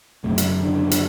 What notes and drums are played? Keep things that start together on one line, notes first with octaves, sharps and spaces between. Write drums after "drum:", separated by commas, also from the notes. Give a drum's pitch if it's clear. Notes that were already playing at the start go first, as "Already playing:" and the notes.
F#2 C#3 A3
drum: hi-hat
D3
drum: hi-hat